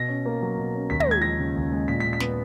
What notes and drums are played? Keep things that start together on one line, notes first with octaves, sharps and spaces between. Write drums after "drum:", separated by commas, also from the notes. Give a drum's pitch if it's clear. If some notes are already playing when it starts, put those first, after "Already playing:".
Already playing: B2 A#6
C#4
A#3
F#3
B2
C#4
D#2 B6
A#6, drum: tom
G#3 G#6
F3 A#6
C#3
D#2
G#3
A#2 B6
B6
A#2
B6
B3, drum: snare